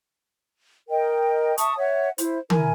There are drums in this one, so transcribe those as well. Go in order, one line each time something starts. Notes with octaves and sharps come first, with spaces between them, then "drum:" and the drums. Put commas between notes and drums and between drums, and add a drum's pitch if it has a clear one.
A#4 D#5 G5
E5 A5 C#6 D#6, drum: hi-hat
C#5 E5 F#5
E4 C5, drum: hi-hat
E4 A#4 G#5, drum: tom D#3